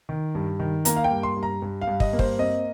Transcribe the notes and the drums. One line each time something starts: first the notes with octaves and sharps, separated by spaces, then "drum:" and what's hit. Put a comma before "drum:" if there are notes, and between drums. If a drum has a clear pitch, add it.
D#3
G2
D#3
A#3 A#5, drum: hi-hat
F5
G5
G2
C6
G2
A#5
G2
F5
G2
D#5, drum: kick
A#3
C5, drum: kick
C4 D#5